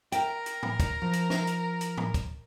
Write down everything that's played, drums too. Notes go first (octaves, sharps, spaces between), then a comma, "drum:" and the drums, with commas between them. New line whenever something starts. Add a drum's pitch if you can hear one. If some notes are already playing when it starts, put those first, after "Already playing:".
A#4 E5 G5, drum: hi-hat
drum: hi-hat
drum: tom A2
drum: kick, hi-hat
F3
drum: hi-hat
drum: snare
drum: hi-hat
drum: hi-hat
drum: tom A2
drum: kick, hi-hat